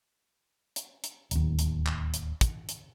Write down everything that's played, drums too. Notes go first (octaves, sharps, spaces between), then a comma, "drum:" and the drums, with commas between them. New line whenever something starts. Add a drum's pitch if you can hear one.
drum: hi-hat
drum: hi-hat
D1 D#2, drum: hi-hat
drum: hi-hat
drum: clap
drum: hi-hat
drum: kick, hi-hat
drum: hi-hat